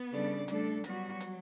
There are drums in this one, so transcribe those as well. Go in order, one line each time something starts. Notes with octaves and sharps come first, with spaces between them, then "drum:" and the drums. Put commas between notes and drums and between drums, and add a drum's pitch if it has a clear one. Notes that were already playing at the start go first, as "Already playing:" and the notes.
Already playing: B3
C#3 G3 D4 A4 D5
G3 A3 D4 A4, drum: hi-hat
F#3 G3 B3 F#4, drum: hi-hat
drum: hi-hat